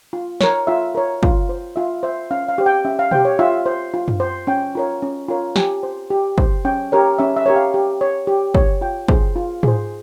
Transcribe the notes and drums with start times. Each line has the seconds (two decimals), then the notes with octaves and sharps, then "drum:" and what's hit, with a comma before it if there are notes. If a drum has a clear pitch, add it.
0.13 F4
0.41 A#4 C#5, drum: snare
0.67 F4 E5
0.95 A#4 C#5
1.23 F4, drum: kick
1.49 C5
1.76 F4 E5
2.03 C5 E5
2.31 C#4 F5
2.48 F5
2.58 G4 C5
2.66 G5
2.85 C#4 E5
2.99 F5
3.11 G4 C5 G5, drum: tom B2
3.25 C#5
3.39 F4 E5
3.66 C5
3.94 F4
4.08 drum: tom F#2
4.20 C5
4.47 C#4 G5
4.75 F4 A#4 C#5
5.03 C#4
5.29 F4 A#4 C#5
5.56 G4 G#5, drum: snare
5.83 C5
6.11 G4
6.38 C5, drum: kick
6.65 C#4 G5
6.92 G4 A#4 C#5
7.18 C#4 E5
7.37 E5
7.46 G4 A#4 C#5
7.56 F5
7.74 G4
8.01 C#5
8.27 G4
8.55 C#5, drum: kick
8.81 F4 G5
9.08 G#4 C5, drum: kick
9.36 F4
9.63 G#4 C5, drum: tom G#2